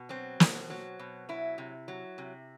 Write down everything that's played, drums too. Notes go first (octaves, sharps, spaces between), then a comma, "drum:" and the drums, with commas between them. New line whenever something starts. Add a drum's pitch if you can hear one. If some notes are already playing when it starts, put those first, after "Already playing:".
Already playing: B2
F#3 C4
B2, drum: snare
F#3
B2
F#3 E4
C3
F#3
C3